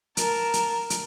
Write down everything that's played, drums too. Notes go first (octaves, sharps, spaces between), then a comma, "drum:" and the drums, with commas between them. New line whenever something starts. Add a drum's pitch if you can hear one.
A#4 A5, drum: hi-hat
drum: hi-hat
drum: hi-hat